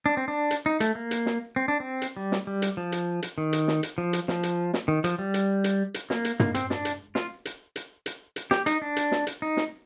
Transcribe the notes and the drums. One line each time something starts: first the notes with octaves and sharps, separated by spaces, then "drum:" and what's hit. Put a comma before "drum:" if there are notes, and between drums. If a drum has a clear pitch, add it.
D4
C4
D4
drum: hi-hat
D#4
A3, drum: hi-hat
A#3
drum: hi-hat
drum: snare
C4
D4
C4
drum: hi-hat
G3
drum: snare
G3
drum: hi-hat
F3
drum: hi-hat
drum: hi-hat
D#3
drum: hi-hat
drum: snare
drum: hi-hat
F3
drum: hi-hat
F3, drum: snare
drum: hi-hat
drum: snare
D#3
F3, drum: hi-hat
G3
drum: hi-hat
drum: hi-hat
drum: hi-hat
A#3, drum: snare
drum: hi-hat
A#3, drum: tom
C4, drum: hi-hat
D4, drum: snare
drum: hi-hat
F4, drum: snare
drum: hi-hat
drum: hi-hat
drum: hi-hat
drum: hi-hat
G4, drum: snare
D#4, drum: hi-hat
D4
drum: hi-hat
drum: snare
drum: hi-hat
D#4
drum: snare